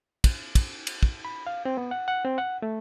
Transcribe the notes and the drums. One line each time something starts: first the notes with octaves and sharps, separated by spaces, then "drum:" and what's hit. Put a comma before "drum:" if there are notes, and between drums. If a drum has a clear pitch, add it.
drum: kick, cymbal
drum: kick, cymbal
drum: cymbal
drum: kick
B5
F5
C4
B3
F#5
F#5
C4
F#5
A3